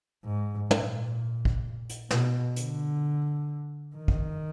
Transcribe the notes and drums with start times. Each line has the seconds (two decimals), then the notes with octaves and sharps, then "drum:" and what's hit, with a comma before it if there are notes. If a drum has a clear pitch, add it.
0.25 G#2
0.71 A#2, drum: tom
1.45 drum: kick
1.89 drum: hi-hat
2.11 B2, drum: snare
2.56 D3, drum: hi-hat
3.96 D#3
4.08 drum: kick